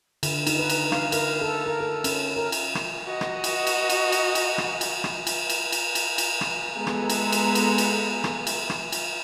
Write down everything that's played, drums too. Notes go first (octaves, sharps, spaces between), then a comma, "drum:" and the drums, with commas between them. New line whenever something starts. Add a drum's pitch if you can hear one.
D3, drum: cymbal
D#4, drum: cymbal
B4
drum: cymbal
F5, drum: rim click
A#4, drum: cymbal
A4
A#4
A4
C#4, drum: cymbal
A#4
drum: cymbal
drum: rim click
F#4 D#5
drum: rim click
drum: cymbal
drum: cymbal
drum: cymbal
drum: cymbal
drum: cymbal
drum: rim click
drum: cymbal
drum: rim click
drum: cymbal
drum: cymbal
drum: cymbal
drum: cymbal
drum: cymbal
drum: rim click
G#3 B3 A4 A#5
drum: rim click
drum: cymbal
drum: cymbal
drum: cymbal
drum: cymbal
drum: rim click
drum: cymbal
drum: rim click
drum: cymbal